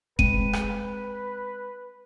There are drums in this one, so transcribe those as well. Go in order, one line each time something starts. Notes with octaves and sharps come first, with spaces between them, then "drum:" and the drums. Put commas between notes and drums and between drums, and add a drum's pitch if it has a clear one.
G#3 C4 B4 D#7, drum: kick F#1
drum: rim click